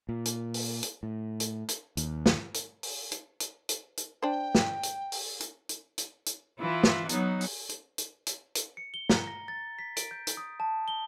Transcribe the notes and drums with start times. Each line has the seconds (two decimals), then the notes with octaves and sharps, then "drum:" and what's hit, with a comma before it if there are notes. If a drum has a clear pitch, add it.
0.09 A#2
0.25 drum: hi-hat
0.54 drum: open hi-hat
0.83 drum: hi-hat
1.03 A2
1.40 drum: hi-hat
1.68 drum: hi-hat
1.97 D#2, drum: hi-hat
2.26 drum: snare
2.54 drum: hi-hat
2.83 drum: open hi-hat
3.12 drum: hi-hat
3.40 drum: hi-hat
3.69 drum: hi-hat
3.97 drum: hi-hat
4.23 D4 C5 G5
4.55 drum: snare
4.83 drum: hi-hat
5.12 drum: open hi-hat
5.40 drum: hi-hat
5.69 drum: hi-hat
5.98 drum: hi-hat
6.26 drum: hi-hat
6.60 E3 E4 F4
6.83 drum: snare
7.09 F#3 B3 D#4, drum: hi-hat
7.41 drum: open hi-hat
7.69 drum: hi-hat
7.98 drum: hi-hat
8.27 drum: hi-hat
8.55 drum: hi-hat
8.77 C#7
8.94 G7
9.09 A#5, drum: snare
9.27 A#6
9.48 A6
9.79 B6
9.97 D7, drum: hi-hat
10.11 G6
10.27 drum: hi-hat
10.37 D#6
10.60 A5
10.88 G7